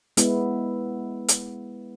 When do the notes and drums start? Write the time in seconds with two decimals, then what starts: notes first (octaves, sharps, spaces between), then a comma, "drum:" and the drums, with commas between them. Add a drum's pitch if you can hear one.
0.17 G#3 B3 E4, drum: hi-hat
1.28 drum: hi-hat